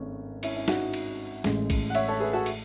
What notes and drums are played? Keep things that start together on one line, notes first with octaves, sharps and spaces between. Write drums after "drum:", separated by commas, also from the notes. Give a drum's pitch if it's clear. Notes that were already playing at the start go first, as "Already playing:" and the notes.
Already playing: G#1 G#2 A3 B3 C#4
C#4 E4, drum: cymbal
C#4 E4
D#4 F#4, drum: snare
drum: cymbal
A1 A2 G#3, drum: snare
drum: kick A#1, cymbal
F#5
C#5 E5, drum: cymbal
A4 C#5
G#4 B4
F#4 A4
drum: cymbal